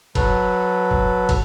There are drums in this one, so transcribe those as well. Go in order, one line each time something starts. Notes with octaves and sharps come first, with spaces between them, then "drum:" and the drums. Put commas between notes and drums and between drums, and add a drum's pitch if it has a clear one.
F#3 A4 B4, drum: kick, cymbal
drum: kick
drum: kick, cymbal